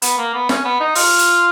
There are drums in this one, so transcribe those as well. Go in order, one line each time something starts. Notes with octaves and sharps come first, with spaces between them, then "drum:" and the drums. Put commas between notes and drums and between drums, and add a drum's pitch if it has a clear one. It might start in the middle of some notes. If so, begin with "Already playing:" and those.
B3, drum: hi-hat
A#3
B3
C#4, drum: snare
B3
D#4
F4, drum: open hi-hat
drum: hi-hat